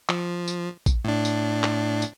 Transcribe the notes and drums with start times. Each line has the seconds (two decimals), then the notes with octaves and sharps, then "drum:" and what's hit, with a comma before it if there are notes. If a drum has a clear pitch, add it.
0.09 F3, drum: clap
0.48 drum: tambourine
0.86 drum: kick A#1, tambourine
1.04 A2 D4
1.25 drum: tambourine
1.63 drum: clap
2.02 drum: tambourine